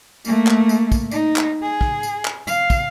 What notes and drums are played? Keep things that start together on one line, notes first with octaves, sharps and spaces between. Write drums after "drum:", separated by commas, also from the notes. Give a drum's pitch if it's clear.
A3 A#3, drum: tambourine
drum: clap
drum: tambourine
drum: kick, tambourine
D#4, drum: tambourine
drum: clap
G#4
drum: kick
drum: tambourine
drum: clap
F5, drum: tambourine
drum: kick, tambourine